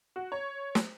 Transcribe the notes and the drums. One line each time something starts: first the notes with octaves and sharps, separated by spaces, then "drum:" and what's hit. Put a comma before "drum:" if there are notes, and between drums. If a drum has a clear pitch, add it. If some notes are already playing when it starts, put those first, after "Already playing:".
F#4
C#5
drum: snare